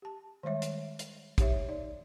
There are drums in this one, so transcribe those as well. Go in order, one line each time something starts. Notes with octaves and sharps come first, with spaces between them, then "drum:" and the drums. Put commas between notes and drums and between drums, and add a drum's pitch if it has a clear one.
G4 A5
D#3 G3 G#3 C#5 E5
drum: hi-hat
drum: hi-hat
D#4 G4 C#5 E5, drum: kick, hi-hat
D#4 D5